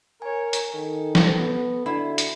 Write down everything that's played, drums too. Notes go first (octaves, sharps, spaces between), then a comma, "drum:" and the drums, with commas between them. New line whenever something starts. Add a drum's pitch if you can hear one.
A#4 C#5 G#5
drum: hi-hat
D#3 A4
drum: snare
B3 A#6
D3 D4 E4 F#4
drum: hi-hat